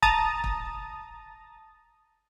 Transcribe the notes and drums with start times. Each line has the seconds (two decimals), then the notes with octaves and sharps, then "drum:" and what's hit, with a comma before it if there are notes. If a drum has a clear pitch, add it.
0.02 A5 A#5 D#6 A6, drum: kick
0.44 drum: kick